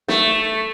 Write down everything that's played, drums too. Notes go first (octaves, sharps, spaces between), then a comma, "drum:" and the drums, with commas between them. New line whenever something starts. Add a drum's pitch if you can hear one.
A3, drum: snare